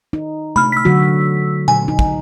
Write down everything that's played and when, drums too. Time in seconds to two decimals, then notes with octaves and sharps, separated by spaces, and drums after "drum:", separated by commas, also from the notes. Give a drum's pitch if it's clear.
0.13 D#4
0.56 A3 B5 F6, drum: tom C3
0.72 E6 B6
0.85 D3 F#3 F#4
1.68 G#5, drum: tom A#2
1.88 D#4
1.99 drum: kick